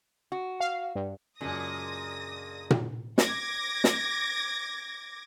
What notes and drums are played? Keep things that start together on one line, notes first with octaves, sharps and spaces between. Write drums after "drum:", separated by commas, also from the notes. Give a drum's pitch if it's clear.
F#4
F5
G2
F#2 A#2 C#3 G#3 D4 D#6 A#6
drum: tom A#2
D6 G#6 A#6, drum: snare
drum: snare